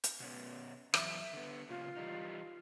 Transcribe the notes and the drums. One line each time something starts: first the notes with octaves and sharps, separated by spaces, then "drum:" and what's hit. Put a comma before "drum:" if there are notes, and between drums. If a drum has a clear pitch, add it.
drum: hi-hat
B2 B3 C#4
F#2 E3 E5, drum: rim click
D3 B3
A#2 C#3 F4
E3 G3 D#4